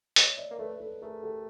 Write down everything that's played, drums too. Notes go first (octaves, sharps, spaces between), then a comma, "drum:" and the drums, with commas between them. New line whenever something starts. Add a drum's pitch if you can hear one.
C#5 D#5, drum: hi-hat
D5 E5
A#3
A3 A4 B4
A4 B4
A3 G#4 A#4
G4 A4